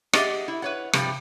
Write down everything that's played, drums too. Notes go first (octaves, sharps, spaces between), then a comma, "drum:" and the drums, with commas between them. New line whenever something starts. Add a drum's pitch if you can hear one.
G4 G#4 D5 D#5 F#5, drum: rim click
E4
B4 C#5 F#5
G2 C3 F3 G3, drum: rim click